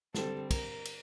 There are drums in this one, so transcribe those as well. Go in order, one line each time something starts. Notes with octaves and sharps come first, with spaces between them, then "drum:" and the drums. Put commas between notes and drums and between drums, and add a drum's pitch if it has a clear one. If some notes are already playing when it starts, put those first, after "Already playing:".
D3 G3 C4 A4, drum: snare
A#4, drum: kick, cymbal
drum: cymbal